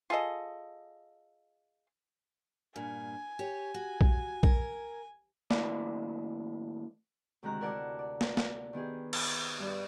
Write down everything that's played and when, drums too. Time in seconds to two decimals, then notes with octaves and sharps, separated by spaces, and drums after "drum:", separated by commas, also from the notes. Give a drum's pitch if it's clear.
0.10 F4 G#4 A4 D#5
2.76 G2 A#2 G#5
3.39 G4 C#5
3.74 F#4
4.01 drum: kick B1
4.43 A#4, drum: kick B1
5.51 D#2 A2 D5, drum: snare
7.43 D2 C3 D#3 G#3 A#5 F#6
7.61 E4 A#4 D5 F#5 A5 D6
7.99 D5
8.21 drum: snare
8.37 drum: snare
8.73 D#3 B3 G4 G#4
9.13 drum: cymbal
9.59 G2 D5